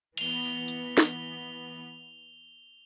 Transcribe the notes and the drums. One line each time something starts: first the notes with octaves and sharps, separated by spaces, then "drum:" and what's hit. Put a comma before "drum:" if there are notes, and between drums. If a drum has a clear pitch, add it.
E3 B3 F7 G7, drum: cymbal
drum: hi-hat
drum: snare